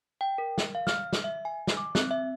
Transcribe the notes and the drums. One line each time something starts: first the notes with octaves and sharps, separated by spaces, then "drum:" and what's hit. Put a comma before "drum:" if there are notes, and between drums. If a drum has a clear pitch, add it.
G5
A#4
drum: snare
F5
F6, drum: snare
drum: snare
E5
G#5
drum: snare
D6
C4, drum: snare
E5